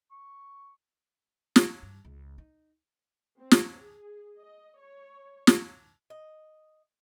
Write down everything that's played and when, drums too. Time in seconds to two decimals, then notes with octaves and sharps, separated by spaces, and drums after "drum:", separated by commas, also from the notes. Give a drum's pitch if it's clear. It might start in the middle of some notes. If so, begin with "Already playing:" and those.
0.11 C#6
1.56 drum: snare
1.83 G2
2.05 C#2
2.38 D#4
3.39 C4
3.51 drum: snare
3.80 G#4
4.37 D#5
4.78 C#5
5.47 drum: snare
6.10 D#5